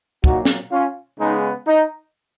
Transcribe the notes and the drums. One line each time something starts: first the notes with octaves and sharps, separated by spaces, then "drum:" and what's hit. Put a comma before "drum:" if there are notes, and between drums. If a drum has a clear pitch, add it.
A#2 F#3 A#3 D#4 F#4, drum: kick
drum: snare
C#4 F4
C#3 G#3 B3 D#4
D#4